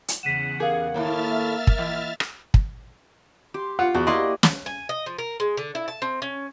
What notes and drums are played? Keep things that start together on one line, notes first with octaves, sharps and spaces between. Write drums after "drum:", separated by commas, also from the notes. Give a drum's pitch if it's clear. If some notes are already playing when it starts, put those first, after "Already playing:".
drum: hi-hat
E2 C#3 F#5 B6 D#7 E7
G4 G#4 A#4 F5
A2 D#3 A#3 E4 E5 F6 A6
drum: kick
E3 D#5
drum: rim click
drum: kick
G4 C6
F4 F#5
E2 F#4
A#3 E4 G4 D5 D#5 C6
drum: snare
G#5
D#5
F3
A#4
G#3
D3
E4
A5
C4
C#4